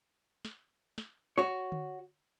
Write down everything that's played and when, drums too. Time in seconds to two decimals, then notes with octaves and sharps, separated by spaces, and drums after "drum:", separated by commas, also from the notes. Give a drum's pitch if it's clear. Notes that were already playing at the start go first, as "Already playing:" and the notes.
0.45 drum: snare
0.98 drum: snare
1.38 F#4 C#5
1.72 drum: tom D3